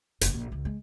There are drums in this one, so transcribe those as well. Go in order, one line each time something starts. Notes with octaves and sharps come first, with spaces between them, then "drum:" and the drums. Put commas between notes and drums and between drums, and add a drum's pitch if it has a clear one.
F#1, drum: hi-hat
A#1
C#2
G#3